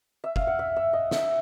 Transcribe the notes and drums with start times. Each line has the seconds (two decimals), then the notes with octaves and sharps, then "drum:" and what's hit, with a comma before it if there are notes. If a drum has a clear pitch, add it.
0.24 E5
0.36 F5, drum: kick
0.47 F#5
0.59 E5
0.76 E5
0.93 D#5
1.11 E5, drum: snare